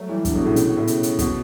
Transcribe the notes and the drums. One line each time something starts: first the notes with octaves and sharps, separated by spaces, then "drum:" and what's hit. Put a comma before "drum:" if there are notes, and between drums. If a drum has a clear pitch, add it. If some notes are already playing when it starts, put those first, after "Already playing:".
Already playing: F#3 A3
E3 G3
D3 F#3, drum: kick, hi-hat
B2 D3
A2 C#3
A2, drum: hi-hat
B2
A2 C#3
drum: hi-hat
drum: hi-hat
B2, drum: kick, hi-hat